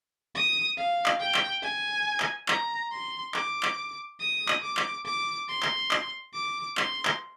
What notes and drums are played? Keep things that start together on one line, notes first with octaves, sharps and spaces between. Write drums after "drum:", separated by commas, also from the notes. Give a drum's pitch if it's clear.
D#6
F5
drum: clap
G5
drum: clap
G#5
drum: clap
A#5, drum: clap
C6
D6, drum: clap
drum: clap
D#6
drum: clap
D6
drum: clap
D6
C6
drum: clap
drum: clap
D6
C6, drum: clap
drum: clap